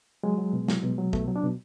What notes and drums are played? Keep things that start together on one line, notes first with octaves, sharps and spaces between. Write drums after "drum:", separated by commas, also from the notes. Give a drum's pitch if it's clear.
F#3 G#3
F#3
B2
F#3, drum: snare
B2
F#3
B2 A3, drum: kick B1
F#3
D4
B2